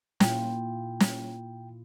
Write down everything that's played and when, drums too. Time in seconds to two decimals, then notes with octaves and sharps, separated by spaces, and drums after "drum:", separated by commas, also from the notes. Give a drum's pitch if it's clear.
0.20 A#2 E4 F4 G5, drum: snare
1.00 drum: snare